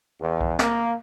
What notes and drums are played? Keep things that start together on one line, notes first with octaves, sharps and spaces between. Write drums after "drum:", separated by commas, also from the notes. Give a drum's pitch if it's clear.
E2
drum: kick B1
A#3, drum: snare